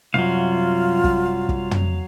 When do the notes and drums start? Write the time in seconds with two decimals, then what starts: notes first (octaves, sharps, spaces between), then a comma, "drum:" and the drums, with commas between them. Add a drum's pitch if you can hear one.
0.14 C2 F#2 F#3 F4 F5
1.04 drum: kick
1.49 drum: kick
1.71 drum: tom